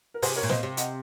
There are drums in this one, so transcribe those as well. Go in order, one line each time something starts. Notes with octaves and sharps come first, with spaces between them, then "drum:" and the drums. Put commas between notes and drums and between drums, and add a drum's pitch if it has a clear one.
A#4
C3 G#4 C5, drum: open hi-hat
A#4 C#5
A#2
C5 D#5, drum: snare
C3
D#5 F#5, drum: hi-hat